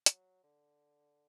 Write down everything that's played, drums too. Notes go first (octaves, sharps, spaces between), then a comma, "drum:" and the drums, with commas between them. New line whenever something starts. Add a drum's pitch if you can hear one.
F#3, drum: hi-hat
D3